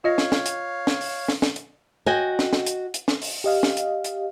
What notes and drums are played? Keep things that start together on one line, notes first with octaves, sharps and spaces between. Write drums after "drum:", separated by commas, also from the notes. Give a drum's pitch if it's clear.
F4 C#5 D#5 F5 A#6
drum: snare
drum: snare
drum: hi-hat
drum: snare
drum: open hi-hat
drum: snare
drum: snare
drum: hi-hat
F#4 D#5 G5 G#5
drum: snare
drum: snare
drum: hi-hat
drum: hi-hat
drum: snare
drum: open hi-hat
G4 D#5 F5
drum: snare
drum: hi-hat
drum: hi-hat